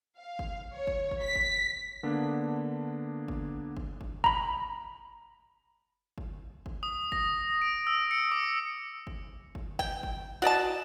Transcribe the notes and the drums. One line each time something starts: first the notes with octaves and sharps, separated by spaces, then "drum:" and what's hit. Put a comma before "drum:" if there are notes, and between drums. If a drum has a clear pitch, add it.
F5
drum: kick
C#5
drum: kick
drum: kick
B6
drum: kick
D3 A#3 B3 D4
drum: kick
drum: kick
drum: kick
A#5 B5, drum: kick
drum: kick
drum: kick
D#6
A#6, drum: kick
D7
E6
C#7
D6
drum: kick
drum: kick
G5, drum: kick
drum: kick
F#4 D5 D#5 A5